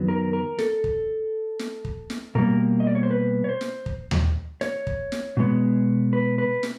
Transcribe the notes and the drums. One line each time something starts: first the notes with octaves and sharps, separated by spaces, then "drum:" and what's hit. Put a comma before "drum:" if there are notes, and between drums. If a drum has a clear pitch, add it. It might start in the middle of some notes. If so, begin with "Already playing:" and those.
Already playing: F#2 D#3 F#3 B3
A#4
A#4
A4, drum: snare
drum: kick
drum: snare
drum: kick
drum: snare
B2 G3 A#3 A#4
D#5
D5
C#5
C5
B4
C#5
C5
drum: snare
drum: kick
drum: tom D#2
C#5, drum: snare
drum: kick
drum: snare
B2 G#3 B3
B4
B4
drum: snare